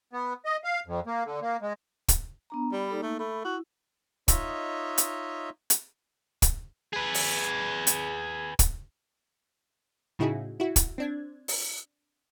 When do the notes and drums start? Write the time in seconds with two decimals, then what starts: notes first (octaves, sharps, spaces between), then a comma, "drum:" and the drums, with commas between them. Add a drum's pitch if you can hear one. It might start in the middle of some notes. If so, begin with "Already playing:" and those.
0.13 B3
0.45 D#5
0.64 F5
0.86 F2
1.07 A#3
1.25 D3
1.42 A#3
1.62 G#3
2.09 drum: kick, hi-hat
2.50 B3 D4 A#5
2.72 G3 D5 B5
2.90 A#3 D#4 A4
3.02 A3
3.19 A3 B5
3.45 E4 F#4
4.28 D#4 F4 C#5 D#5 E5, drum: kick, hi-hat
4.98 drum: hi-hat
5.70 drum: hi-hat
6.42 drum: kick, hi-hat
6.93 G#4 B4
7.14 drum: open hi-hat
7.87 drum: hi-hat
8.59 drum: kick, hi-hat
10.19 A2 C#3 D#4 E4 F#4 G#4
10.60 E4 F#4
10.76 drum: kick, hi-hat
10.98 C4 D4 G#6
11.48 drum: open hi-hat